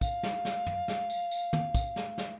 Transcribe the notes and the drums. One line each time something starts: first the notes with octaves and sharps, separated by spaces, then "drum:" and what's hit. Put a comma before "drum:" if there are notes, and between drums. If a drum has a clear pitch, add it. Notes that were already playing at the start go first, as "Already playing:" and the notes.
F5, drum: kick, tambourine
drum: snare
drum: snare
drum: tom
drum: snare
drum: tambourine
drum: tambourine
drum: tom
drum: kick, tambourine
drum: snare
drum: snare